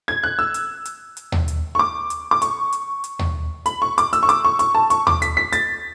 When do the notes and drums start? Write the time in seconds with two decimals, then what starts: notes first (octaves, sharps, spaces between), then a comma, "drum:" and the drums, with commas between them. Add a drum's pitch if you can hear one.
0.08 G#6
0.24 F#6
0.39 E6
0.54 drum: hi-hat
0.85 drum: hi-hat
1.17 drum: hi-hat
1.32 drum: tom D#2
1.48 drum: hi-hat
1.75 C#6
1.79 D6
2.10 drum: hi-hat
2.31 D6
2.42 C#6, drum: hi-hat
2.73 drum: hi-hat
3.04 drum: hi-hat
3.19 drum: tom D#2
3.66 B5, drum: hi-hat
3.82 C#6
3.98 D6, drum: hi-hat
4.13 E6, drum: hi-hat
4.23 C#6
4.29 D6, drum: hi-hat
4.45 C#6
4.59 C#6, drum: hi-hat
4.75 A5
4.90 C#6, drum: hi-hat
5.07 D6, drum: tom D#2
5.22 B6, drum: hi-hat
5.37 B6
5.53 A6, drum: hi-hat